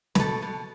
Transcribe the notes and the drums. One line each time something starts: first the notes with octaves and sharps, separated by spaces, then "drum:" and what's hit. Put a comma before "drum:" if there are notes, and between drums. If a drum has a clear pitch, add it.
B4, drum: snare
B2 A4
B2